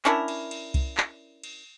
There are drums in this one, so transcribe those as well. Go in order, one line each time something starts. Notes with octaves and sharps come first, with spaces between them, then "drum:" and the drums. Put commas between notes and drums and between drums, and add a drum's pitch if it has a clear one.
C#4 D4 E4 A#4, drum: clap
drum: cymbal
drum: cymbal
drum: kick C2, cymbal
drum: clap
drum: cymbal